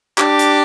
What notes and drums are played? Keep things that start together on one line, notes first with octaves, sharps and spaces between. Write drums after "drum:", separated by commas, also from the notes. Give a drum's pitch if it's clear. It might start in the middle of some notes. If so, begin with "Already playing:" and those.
D4 G4, drum: clap
drum: hi-hat